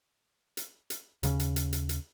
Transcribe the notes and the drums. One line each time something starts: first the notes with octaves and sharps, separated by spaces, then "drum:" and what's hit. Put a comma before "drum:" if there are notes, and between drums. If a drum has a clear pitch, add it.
drum: hi-hat
drum: hi-hat
D#2 C#3 G3 C#4, drum: hi-hat
drum: hi-hat
drum: hi-hat
drum: hi-hat
drum: hi-hat